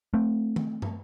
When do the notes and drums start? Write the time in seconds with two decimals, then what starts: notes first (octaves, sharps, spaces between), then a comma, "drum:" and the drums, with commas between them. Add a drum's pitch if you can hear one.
0.14 A3 C4
0.56 drum: tom
0.82 drum: tom